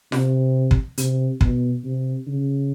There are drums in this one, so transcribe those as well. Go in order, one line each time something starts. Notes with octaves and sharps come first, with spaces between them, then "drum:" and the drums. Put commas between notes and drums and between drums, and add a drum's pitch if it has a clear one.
C3, drum: snare F4
drum: kick
C3, drum: hi-hat
B2, drum: kick
C3
C#3